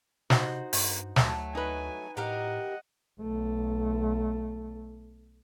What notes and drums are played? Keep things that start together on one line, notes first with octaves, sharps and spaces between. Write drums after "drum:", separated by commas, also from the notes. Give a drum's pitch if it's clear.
C3 D#4 F#4 C5, drum: snare
G2 A#3, drum: open hi-hat
D2 F#3 A3, drum: snare
D#4 B4 G#5
A2 G4 A#4 D#5 F5 F#5
B1 A3